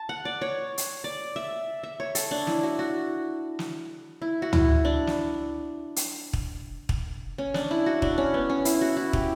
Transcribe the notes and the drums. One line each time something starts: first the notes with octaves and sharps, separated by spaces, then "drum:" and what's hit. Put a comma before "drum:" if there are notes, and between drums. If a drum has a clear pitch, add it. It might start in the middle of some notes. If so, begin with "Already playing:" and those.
Already playing: A5
F#5
D5
C#5
drum: hi-hat
D5
E5
E5
C#5
A4, drum: hi-hat
D4
E4, drum: snare
F#4
F#4
drum: snare
E4
F#4
E4, drum: tom
D4
drum: snare
drum: hi-hat
drum: kick
drum: kick
C#4
D4, drum: snare
E4
F#4
D4, drum: kick
C#4
B3
C#4
E4, drum: hi-hat
F#4
E4
G4, drum: kick